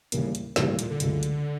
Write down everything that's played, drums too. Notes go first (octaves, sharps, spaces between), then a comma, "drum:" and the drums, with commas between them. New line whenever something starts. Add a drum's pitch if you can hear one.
D#2 A2 C#3 E3 G3 A#3, drum: hi-hat
drum: hi-hat
D#2 A2 C#3 E3 G3 A#3, drum: snare
A2
A#2, drum: hi-hat
D3
C#2 C#3 F#3 A3, drum: hi-hat
drum: hi-hat